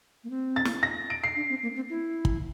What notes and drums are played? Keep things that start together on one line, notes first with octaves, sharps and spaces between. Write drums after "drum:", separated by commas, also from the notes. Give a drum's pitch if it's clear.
A#3
C4
A6
drum: snare
A#6
D7
C7
D4
C4
A#3
C4
E4
drum: kick